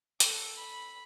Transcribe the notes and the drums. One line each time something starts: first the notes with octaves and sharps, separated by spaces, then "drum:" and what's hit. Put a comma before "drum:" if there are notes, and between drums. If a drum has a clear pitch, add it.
A4, drum: hi-hat
B5